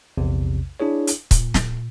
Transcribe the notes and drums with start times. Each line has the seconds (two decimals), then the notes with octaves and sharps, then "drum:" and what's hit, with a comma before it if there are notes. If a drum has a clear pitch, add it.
0.17 A#1 E2 C3
0.80 D4 E4 G#4 C#5
1.07 drum: hi-hat
1.31 A#2, drum: kick C#1, hi-hat
1.54 drum: snare